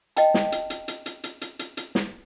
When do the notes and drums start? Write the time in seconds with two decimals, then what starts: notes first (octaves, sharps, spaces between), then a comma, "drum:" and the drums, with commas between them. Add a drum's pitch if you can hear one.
0.16 D#5 G5 A5, drum: hi-hat
0.34 drum: snare
0.52 drum: hi-hat
0.70 drum: hi-hat
0.88 drum: hi-hat
1.06 drum: hi-hat
1.24 drum: hi-hat
1.41 drum: hi-hat
1.59 drum: hi-hat
1.77 drum: hi-hat
1.95 drum: snare